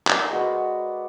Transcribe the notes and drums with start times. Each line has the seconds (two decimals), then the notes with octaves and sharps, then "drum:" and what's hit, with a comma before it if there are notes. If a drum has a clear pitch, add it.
0.07 A#4 D5 F5, drum: clap
0.31 G#3 F#4 B4